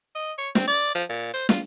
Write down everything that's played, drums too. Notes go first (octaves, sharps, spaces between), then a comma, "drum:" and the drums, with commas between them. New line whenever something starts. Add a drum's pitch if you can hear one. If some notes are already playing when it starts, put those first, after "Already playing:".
D#5
C#5
C4, drum: snare
D5
F3
A#2
C5
F4, drum: snare